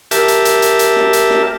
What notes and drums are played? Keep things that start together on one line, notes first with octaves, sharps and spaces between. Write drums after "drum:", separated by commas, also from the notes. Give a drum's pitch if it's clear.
G4 A#4 E5 A5, drum: hi-hat
drum: hi-hat
drum: hi-hat
drum: hi-hat
drum: hi-hat
drum: snare
drum: hi-hat
drum: snare